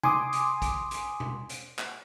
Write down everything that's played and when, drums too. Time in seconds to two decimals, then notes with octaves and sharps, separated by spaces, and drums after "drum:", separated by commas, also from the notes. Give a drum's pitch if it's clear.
0.03 G#5 C6 D6 D#6, drum: tom C3
0.33 drum: hi-hat
0.62 drum: kick, hi-hat
0.91 drum: hi-hat
1.20 drum: tom B2
1.49 drum: hi-hat
1.79 drum: clap